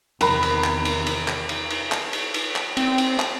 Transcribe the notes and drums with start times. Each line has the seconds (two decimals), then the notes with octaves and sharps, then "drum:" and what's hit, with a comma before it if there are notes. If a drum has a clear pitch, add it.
0.21 E2 C3 D#3 A#4 A#5 B5 F#6, drum: cymbal
0.43 drum: cymbal
0.64 drum: clap
0.85 drum: cymbal
1.07 drum: cymbal
1.28 drum: clap
1.49 drum: cymbal
1.70 drum: cymbal
1.92 drum: clap
2.13 drum: cymbal
2.34 drum: cymbal
2.56 drum: clap
2.77 C4, drum: cymbal
2.98 drum: cymbal
3.19 drum: clap